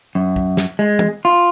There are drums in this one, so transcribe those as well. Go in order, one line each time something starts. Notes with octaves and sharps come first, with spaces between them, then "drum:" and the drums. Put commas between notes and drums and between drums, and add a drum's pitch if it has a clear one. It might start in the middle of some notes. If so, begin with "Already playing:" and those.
F#2
drum: kick
drum: snare
G#3
drum: tom
F4